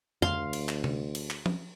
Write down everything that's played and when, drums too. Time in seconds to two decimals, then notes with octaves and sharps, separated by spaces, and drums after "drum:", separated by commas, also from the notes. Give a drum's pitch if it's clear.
0.22 D2 F5 C6, drum: tom F2
0.53 drum: cymbal
0.69 drum: clap
0.84 drum: tom
1.15 drum: cymbal
1.30 drum: clap
1.46 drum: tom